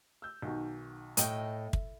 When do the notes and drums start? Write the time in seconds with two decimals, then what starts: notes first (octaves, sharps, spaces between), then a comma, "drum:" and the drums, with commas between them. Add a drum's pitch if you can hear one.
0.22 E6 G6
0.42 B1 D#3 F#4
1.17 A2 D#5 G5, drum: hi-hat
1.73 drum: kick